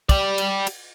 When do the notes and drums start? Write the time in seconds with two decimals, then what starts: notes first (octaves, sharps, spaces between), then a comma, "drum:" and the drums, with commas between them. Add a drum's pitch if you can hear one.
0.09 G4 D5, drum: kick, cymbal
0.38 drum: cymbal
0.67 drum: cymbal